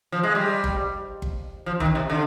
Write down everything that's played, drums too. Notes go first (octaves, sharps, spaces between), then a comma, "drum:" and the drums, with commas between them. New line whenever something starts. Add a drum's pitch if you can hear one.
F3
G#3
G3
drum: kick G1
drum: kick G1
F3
D#3, drum: kick G1
C3
D3